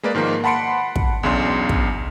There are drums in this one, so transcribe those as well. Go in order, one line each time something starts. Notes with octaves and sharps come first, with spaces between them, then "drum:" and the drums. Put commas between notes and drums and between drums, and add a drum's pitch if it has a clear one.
G#3 A#3 B4 D5
G#2 D#3 F3 A#3
F#5 A5 B5 C6 C#7 D7
drum: kick
B1 E2 C#3 D4 C6
drum: kick